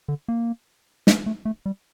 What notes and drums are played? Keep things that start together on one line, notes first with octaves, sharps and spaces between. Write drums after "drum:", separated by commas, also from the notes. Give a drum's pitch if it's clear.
D3
A#3
A3, drum: snare
A3
A3
G3